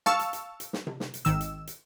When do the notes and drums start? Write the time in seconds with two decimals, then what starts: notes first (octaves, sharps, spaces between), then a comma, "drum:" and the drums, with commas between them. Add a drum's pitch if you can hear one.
0.06 F5 A5 C#6 E6, drum: snare
0.19 drum: hi-hat
0.33 drum: hi-hat
0.60 drum: hi-hat
0.73 drum: snare
0.87 drum: tom C3
1.00 drum: snare
1.14 drum: hi-hat
1.25 G#1 D#3 E6, drum: hi-hat
1.41 drum: hi-hat
1.67 drum: hi-hat